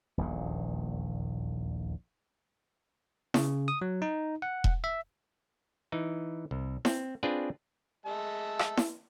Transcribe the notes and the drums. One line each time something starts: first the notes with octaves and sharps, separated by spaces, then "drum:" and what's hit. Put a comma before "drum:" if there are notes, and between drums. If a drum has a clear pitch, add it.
D#1 A#1 E2 A#2
C#3, drum: snare E4
D#6
F#3
D#4
F#5
drum: kick E1
E5
E3 D#4
C2
C4, drum: snare E4
C4 D4 F4 G#4 B4 D5
G#3 E5 A5
drum: rim click
drum: snare E4